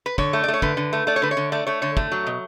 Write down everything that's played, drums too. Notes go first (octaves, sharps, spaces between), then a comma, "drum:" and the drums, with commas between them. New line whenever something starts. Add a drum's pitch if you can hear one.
B4
D3 C#5, drum: kick
A3
D5
A3
C#5
D3 B4, drum: kick
D3
A3
A3 D5
C#5
D3 B4
C#5
D3
A3 D5
A3 C#5
D3 C#5
A3, drum: kick
F#3
B2